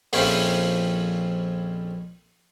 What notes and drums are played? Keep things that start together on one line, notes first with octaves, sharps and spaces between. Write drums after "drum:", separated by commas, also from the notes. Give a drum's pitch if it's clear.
A#1 F2 F3 C#4 E4 G5, drum: open hi-hat